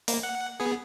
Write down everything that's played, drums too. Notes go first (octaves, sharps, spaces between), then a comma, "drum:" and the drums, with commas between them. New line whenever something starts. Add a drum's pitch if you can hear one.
A#3, drum: open hi-hat
F#5
B3 G#4